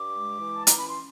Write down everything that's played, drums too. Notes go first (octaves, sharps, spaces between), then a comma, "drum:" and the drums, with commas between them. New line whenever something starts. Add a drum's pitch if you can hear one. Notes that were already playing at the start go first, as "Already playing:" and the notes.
Already playing: G2 D6
G#3
E3
A5
C#4 A#5, drum: hi-hat
B5
C6